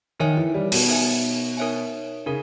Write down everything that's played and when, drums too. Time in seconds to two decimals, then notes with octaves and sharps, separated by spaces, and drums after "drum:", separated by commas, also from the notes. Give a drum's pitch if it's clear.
0.20 D#3 D#4 A#4 C#5 E5 G#5
0.37 E3
0.54 G3
0.72 B2, drum: open hi-hat
0.88 D#4 A#4 C#5 E5 G#5
1.57 D#4 A#4 C#5 E5 G#5
2.26 C#3 D#4 A#4